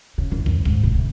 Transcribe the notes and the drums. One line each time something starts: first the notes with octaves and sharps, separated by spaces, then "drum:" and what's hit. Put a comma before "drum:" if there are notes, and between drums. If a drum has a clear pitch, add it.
C#3
F#1
F2, drum: kick
G#2, drum: kick
C3
C3